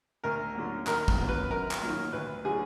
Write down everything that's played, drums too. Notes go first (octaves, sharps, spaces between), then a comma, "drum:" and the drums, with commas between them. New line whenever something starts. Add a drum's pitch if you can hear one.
D2 A#4
D3 F#3 A#3
D#2 A#4, drum: clap
drum: kick
D3 F#3 B3
B4
F#2 A#4
drum: clap
D#3 F#3 A#3
D2 B4
D3 F#3 G#4